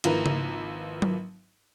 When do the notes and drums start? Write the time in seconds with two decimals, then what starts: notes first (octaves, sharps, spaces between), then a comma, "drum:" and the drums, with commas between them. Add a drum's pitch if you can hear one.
0.04 G#1 F3 A#3 E4 B4 A#5, drum: hi-hat
0.26 drum: tom C#3
1.02 drum: tom F#3